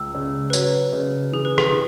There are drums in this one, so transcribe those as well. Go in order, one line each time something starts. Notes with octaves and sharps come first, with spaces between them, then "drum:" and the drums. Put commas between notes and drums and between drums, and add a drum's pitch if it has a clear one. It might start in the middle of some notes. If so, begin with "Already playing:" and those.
Already playing: C#2 E6
C#3
B4
F#3 C#5, drum: tambourine
C#3
E3 G#4
B4
G#4, drum: rim click
E3